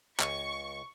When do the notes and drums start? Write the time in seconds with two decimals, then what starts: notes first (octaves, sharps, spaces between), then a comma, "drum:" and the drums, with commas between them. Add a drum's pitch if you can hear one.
0.20 C#2 G#5 C#6, drum: clap